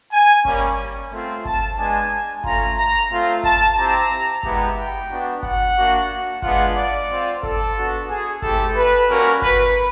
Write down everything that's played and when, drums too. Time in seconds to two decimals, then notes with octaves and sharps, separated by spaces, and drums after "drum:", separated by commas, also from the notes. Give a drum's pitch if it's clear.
0.12 G#5, drum: hi-hat
0.45 G3 A#3 C#4, drum: kick G1
0.78 drum: hi-hat
1.12 A3 C4 F4, drum: hi-hat
1.45 A5, drum: kick G1, hi-hat
1.77 G#3 B3 D4 G#5, drum: hi-hat
2.11 drum: hi-hat
2.44 A3 C#4 F4 A#5, drum: kick G1, hi-hat
2.78 A#5, drum: hi-hat
3.10 A3 C4 F4, drum: hi-hat
3.43 A5, drum: kick G1, hi-hat
3.77 C4 E4 G4 A#5, drum: hi-hat
4.10 drum: hi-hat
4.43 G#3 B3 E4 G4, drum: kick G1, hi-hat
4.77 G5, drum: hi-hat
5.10 B3 D4 F#4, drum: hi-hat
5.43 F#5, drum: kick G1, hi-hat
5.77 A#3 D4 F#4, drum: hi-hat
6.10 drum: hi-hat
6.42 G#3 B3 D4 F4 F#5, drum: kick G1, hi-hat
6.76 D5, drum: hi-hat
7.10 C4 F4, drum: hi-hat
7.43 A4, drum: kick G1, hi-hat
7.76 B3 D4 F#4
8.09 G#4, drum: hi-hat
8.42 A3 C4 E4 G4 A4, drum: kick G1, hi-hat
8.76 B4, drum: hi-hat
9.09 G3 A#3 C#4 F#4 A#4, drum: hi-hat
9.42 B4, drum: kick G1
9.75 drum: hi-hat